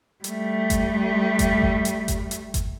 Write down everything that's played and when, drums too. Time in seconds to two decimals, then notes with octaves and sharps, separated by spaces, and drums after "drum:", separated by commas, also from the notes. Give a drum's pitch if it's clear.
0.24 G3 A3, drum: hi-hat
0.70 drum: kick G1, hi-hat
1.39 drum: kick G1, hi-hat
1.62 drum: kick G1
1.85 drum: hi-hat
2.08 drum: kick G1, hi-hat
2.31 drum: hi-hat
2.54 drum: kick G1, hi-hat